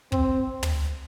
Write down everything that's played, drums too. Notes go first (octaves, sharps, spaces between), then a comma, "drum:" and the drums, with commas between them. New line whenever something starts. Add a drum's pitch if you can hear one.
C4, drum: kick
drum: tom